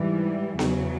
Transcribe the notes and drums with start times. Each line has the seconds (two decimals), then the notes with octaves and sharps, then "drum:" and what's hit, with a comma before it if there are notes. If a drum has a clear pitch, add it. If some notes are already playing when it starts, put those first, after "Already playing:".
Already playing: G#2 E3 G3
0.59 E2 C#3 F#3, drum: snare B3